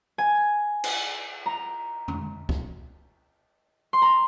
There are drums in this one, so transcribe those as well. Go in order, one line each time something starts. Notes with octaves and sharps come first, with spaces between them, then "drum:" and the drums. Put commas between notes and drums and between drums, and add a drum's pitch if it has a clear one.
G#5
drum: cymbal
A#5
drum: tom F2
drum: kick
C6
A#5